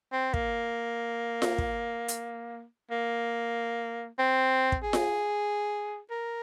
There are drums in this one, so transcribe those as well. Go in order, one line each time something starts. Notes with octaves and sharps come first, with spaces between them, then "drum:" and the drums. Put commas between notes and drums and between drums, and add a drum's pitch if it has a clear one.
C4
A#3, drum: kick
drum: snare F4
drum: kick
drum: hi-hat
A#3
C4
drum: kick
G#4
drum: snare F4
A#4